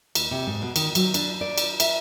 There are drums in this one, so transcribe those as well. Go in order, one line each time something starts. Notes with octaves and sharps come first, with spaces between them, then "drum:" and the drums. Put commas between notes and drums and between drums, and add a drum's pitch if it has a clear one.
D#2, drum: cymbal
C3
G#2
B2
D#3, drum: cymbal
F#3, drum: cymbal
D4, drum: cymbal
D5
drum: cymbal
E5, drum: cymbal